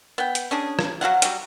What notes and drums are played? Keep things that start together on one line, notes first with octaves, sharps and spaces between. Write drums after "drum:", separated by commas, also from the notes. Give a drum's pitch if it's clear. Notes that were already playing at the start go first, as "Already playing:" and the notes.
B3 G5
drum: hi-hat
C#4 D4 G#4
drum: rim click
F#3 F#4 F5 F#5
F#3 G3, drum: hi-hat